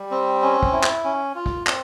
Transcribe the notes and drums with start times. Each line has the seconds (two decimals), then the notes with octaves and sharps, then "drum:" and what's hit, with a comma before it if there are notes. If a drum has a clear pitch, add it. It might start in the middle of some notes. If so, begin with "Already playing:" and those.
Already playing: G3
0.11 C4
0.42 C#4
0.63 drum: kick
0.73 E4
0.83 drum: clap
1.04 C#4
1.35 F4
1.46 drum: kick
1.67 C4, drum: clap